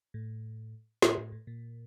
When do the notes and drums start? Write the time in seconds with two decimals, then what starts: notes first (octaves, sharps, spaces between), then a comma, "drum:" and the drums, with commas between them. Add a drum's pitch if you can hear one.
0.14 A2
1.02 A2, drum: snare
1.17 A2
1.32 A2
1.47 A#2